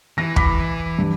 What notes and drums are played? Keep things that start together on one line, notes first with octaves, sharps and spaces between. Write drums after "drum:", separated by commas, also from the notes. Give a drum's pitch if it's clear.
E3 A#6
B5 D6 B6, drum: kick
G2